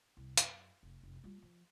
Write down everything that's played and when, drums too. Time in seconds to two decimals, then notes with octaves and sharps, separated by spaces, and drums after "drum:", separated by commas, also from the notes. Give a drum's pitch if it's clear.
0.17 C2
0.37 F#2, drum: hi-hat
0.83 F1
1.03 F1
1.24 G3 F4
1.42 F3